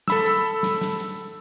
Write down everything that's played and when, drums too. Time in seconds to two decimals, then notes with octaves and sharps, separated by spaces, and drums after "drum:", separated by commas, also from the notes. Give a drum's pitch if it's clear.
0.08 A4 B5 E6, drum: snare
0.26 drum: hi-hat
0.63 drum: snare
0.81 drum: snare
1.00 drum: hi-hat